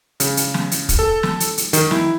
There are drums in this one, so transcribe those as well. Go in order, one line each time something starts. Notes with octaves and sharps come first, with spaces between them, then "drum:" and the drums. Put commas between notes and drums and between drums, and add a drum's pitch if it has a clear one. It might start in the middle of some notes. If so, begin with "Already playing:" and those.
C#3, drum: hi-hat
drum: hi-hat
drum: snare
drum: hi-hat
drum: kick, hi-hat
A4
drum: snare
drum: hi-hat
drum: hi-hat
D#3, drum: hi-hat
E4, drum: snare